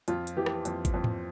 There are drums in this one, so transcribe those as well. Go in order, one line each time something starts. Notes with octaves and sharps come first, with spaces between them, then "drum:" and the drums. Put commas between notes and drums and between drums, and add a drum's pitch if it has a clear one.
F2 F4, drum: hi-hat
drum: hi-hat
E3 G4
drum: rim click
F2, drum: hi-hat
drum: kick G#1, hi-hat
F2
drum: tom G#2